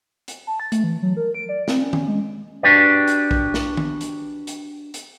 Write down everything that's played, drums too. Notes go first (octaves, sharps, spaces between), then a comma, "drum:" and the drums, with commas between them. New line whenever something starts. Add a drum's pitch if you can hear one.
drum: hi-hat
A5
A6
A3, drum: hi-hat
E3
F#3
A#4
D7
D5
C4, drum: snare
C#4
C#4, drum: tom
G#3
D4 F#4 G4 B4 D5
drum: hi-hat
drum: kick
drum: snare
drum: tom
drum: hi-hat
drum: hi-hat
drum: hi-hat